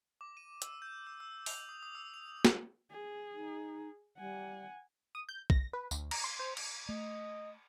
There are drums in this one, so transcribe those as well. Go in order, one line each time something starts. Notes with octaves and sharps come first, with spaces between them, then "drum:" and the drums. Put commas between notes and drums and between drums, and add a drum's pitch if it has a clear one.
D6
D#7
E6, drum: hi-hat
G6
E6
E6
F7, drum: open hi-hat
D#6
D#6
E6
F7
drum: snare
G#4
D#4
G3 F#5 G#5
D#6
G6
A#6, drum: kick
B4
D2, drum: tambourine
A#5, drum: cymbal
C6
C5
drum: cymbal
A3 D#5